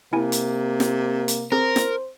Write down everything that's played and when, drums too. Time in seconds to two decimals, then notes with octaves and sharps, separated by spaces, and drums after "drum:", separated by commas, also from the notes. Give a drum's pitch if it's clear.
0.13 C3 A#3 E4 G#5
0.32 drum: hi-hat
0.80 drum: snare
1.28 drum: hi-hat
1.52 C4 G#4 A#4 C5
1.76 drum: snare